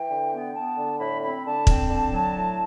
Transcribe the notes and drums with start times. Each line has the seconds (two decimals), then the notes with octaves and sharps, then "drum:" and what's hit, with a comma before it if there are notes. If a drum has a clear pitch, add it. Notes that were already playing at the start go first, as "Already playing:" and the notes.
Already playing: E3 G5
0.09 D3
0.31 B3
0.53 B3 A5
0.76 D3
0.99 A2 B5
1.22 C4 B5
1.44 D3 A5
1.67 C4, drum: kick
1.90 D3
2.12 F#3
2.35 A2